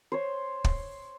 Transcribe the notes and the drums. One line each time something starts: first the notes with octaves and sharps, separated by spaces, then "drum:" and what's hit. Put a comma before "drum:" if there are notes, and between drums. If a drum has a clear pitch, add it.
C5 C#5
drum: kick